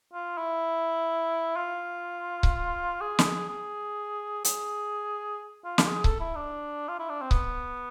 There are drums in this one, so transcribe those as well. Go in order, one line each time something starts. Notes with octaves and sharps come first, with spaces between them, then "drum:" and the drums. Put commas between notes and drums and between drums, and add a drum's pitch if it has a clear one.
F4
E4
F4
drum: kick C#1
G#4
drum: snare
G#4
G#4, drum: hi-hat
F4
drum: snare
G#4
A4, drum: kick C#1
E4
D4
F4
E4
D4
C4
B3, drum: kick C#1